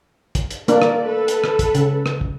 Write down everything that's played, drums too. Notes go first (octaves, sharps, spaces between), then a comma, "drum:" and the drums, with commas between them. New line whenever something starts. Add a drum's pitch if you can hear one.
drum: kick, hi-hat
drum: hi-hat
A3 A#3 D4 A#4 D5, drum: hi-hat
drum: rim click
A4 B4
drum: hi-hat
drum: rim click
drum: kick, hi-hat
C#3, drum: hi-hat
drum: rim click
drum: kick